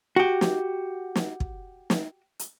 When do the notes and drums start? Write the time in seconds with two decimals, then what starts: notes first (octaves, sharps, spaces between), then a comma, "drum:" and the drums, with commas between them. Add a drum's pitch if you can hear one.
0.16 F#4 G4
0.41 drum: snare
1.16 drum: snare
1.40 drum: kick
1.90 drum: snare
2.39 drum: hi-hat